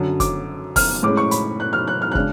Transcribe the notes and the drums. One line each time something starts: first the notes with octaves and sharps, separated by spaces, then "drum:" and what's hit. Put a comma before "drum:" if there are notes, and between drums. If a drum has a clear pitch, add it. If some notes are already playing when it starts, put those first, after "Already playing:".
Already playing: F#2 D3 F#3
D6, drum: kick, hi-hat
F6, drum: kick, open hi-hat
A2 G#3 C#4 D6
C#6
B5, drum: hi-hat
F#6
F6
F#6
F6
F#6
C#3 G#3 D4 F6, drum: kick